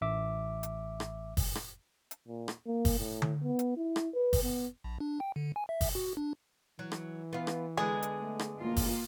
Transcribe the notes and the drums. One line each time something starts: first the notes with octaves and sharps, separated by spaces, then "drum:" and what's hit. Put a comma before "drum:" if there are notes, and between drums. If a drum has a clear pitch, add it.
A1 E5 D6
drum: hi-hat
drum: rim click
drum: kick, open hi-hat
drum: rim click
drum: hi-hat
A#2
drum: rim click
A#3
drum: kick, open hi-hat
A2
drum: tom D3
B3
drum: hi-hat
E4
drum: rim click
B4
drum: kick, open hi-hat
B3
A#1
D4
G5
D3
G#5
E5
drum: kick, open hi-hat
F#4
D4
E3 F#3
drum: rim click
B3 F4
drum: rim click
D3 G#3 B3 G#4
drum: hi-hat
A3
drum: rim click
E1 A#3 F4
drum: kick, open hi-hat